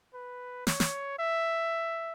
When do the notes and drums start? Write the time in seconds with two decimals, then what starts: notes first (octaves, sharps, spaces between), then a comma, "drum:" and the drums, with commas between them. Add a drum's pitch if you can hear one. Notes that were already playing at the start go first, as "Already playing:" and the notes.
0.14 B4
0.67 C#5, drum: snare
0.80 drum: snare
1.19 E5